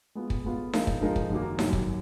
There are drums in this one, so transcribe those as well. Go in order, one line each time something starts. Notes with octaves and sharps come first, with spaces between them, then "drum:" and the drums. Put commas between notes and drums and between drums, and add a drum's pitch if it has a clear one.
G#3 B3 F4
drum: kick
G#3 B3 F4
F3 G#3 D#4 A#4 F5, drum: snare D#4
drum: kick
F3 G#3 D#4 A#4 F5
drum: kick
F#2 D#3 F#3 A#3
F#2 D#3 F#3 A#3, drum: snare D#4
drum: kick